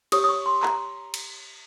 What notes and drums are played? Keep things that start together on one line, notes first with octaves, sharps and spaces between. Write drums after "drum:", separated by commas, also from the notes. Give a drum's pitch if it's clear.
G4 C#5 D#6, drum: cymbal
D#6
C#6
C6
A#5, drum: clap
drum: cymbal